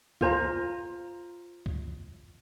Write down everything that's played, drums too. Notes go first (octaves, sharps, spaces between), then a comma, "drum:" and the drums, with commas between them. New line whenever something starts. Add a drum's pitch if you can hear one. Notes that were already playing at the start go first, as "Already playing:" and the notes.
F4 C5 A#5, drum: kick
drum: kick